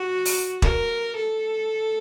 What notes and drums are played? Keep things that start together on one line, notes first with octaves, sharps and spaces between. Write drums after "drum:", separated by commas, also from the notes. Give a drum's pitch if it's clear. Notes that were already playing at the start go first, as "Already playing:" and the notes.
Already playing: F#4
drum: open hi-hat
A#4, drum: kick E1
A4